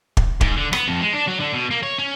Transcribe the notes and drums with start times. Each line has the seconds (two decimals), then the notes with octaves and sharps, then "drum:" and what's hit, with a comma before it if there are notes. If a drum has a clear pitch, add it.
0.17 drum: kick
0.41 G#2, drum: kick
0.57 D3
0.73 B3, drum: rim click
0.88 F2
1.02 G#3
1.14 D4
1.28 F#3
1.40 D3
1.53 B2
1.71 A#3
1.83 C#5
1.98 C#4